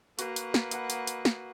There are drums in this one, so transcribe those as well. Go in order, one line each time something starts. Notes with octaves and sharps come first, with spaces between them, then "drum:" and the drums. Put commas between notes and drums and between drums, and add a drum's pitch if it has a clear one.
A#3 F#4 B4, drum: hi-hat
drum: hi-hat
drum: snare
D#5 F#5 B5, drum: hi-hat
drum: hi-hat
drum: hi-hat
drum: snare